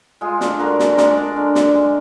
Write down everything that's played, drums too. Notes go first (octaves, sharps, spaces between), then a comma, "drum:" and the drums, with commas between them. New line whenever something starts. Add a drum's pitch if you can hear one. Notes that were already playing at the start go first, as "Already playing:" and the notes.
G#3 F4 G#4
D4, drum: snare
D3 F#4 A#4
D3, drum: snare
G#3 A#4 D5, drum: snare
D4
D3
D3, drum: snare
G#3